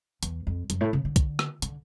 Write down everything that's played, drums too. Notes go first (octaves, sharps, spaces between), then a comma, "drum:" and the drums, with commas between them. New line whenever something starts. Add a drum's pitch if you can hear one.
E2, drum: hi-hat
F2
F#2, drum: hi-hat
A2
C#3
D3
drum: kick, hi-hat
drum: rim click
D3, drum: hi-hat